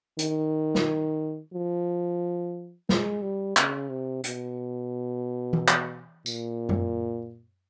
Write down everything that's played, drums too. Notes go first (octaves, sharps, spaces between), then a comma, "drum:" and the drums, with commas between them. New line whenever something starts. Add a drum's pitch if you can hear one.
D#3, drum: hi-hat
drum: snare
F3
G#3, drum: snare
G3
C#3, drum: clap
C3
B2, drum: hi-hat
drum: tom E3
drum: clap
A#2, drum: tambourine
drum: tom F#2